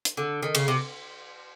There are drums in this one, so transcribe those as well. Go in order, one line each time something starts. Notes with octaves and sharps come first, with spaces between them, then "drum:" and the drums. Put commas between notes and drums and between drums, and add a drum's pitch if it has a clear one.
drum: hi-hat
D3
D#3
C#3, drum: cymbal
C3